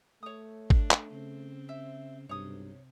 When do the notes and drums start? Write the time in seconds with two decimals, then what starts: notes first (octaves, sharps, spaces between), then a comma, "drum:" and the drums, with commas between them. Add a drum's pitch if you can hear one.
0.23 A3 C#5 D#6
0.70 D4, drum: kick G#1
0.91 drum: clap
1.12 C#3 C4
1.69 E5
2.29 B1 G2 C3 C#5 D#6